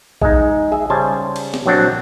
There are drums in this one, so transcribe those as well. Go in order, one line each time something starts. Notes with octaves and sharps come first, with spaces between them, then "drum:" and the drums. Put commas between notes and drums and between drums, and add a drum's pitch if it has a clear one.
G#3 D#4, drum: kick A#1
G#4 E5
C#3 G3 C5 G#5 A5
drum: cymbal
drum: snare
A#1 F#3 C4 D4 F#5